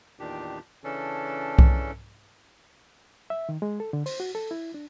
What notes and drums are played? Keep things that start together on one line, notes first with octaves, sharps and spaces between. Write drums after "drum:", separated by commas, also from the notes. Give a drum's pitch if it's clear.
E2 A#2 D#3 D4 G4
C#3 E3 C#4 D4 A4
drum: kick B1
E5
D#3
G#3
A4
D3
C5, drum: open hi-hat
F#4
A4
E4
D4